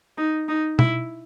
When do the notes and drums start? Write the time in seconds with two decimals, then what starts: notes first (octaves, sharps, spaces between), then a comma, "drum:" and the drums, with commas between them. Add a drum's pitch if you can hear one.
0.18 D#4
0.48 D#4
0.79 E4, drum: tom